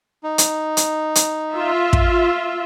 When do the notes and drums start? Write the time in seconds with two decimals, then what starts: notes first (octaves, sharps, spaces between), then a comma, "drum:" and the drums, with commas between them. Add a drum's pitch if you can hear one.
0.24 D#4
0.38 drum: hi-hat
0.77 drum: hi-hat
1.15 drum: hi-hat
1.54 F4 E5
1.93 drum: kick